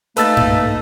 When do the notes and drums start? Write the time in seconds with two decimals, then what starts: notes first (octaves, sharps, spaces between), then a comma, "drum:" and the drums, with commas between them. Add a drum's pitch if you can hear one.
0.17 A3 A#3 D#4 B4 E6 A6, drum: hi-hat
0.37 drum: tom G2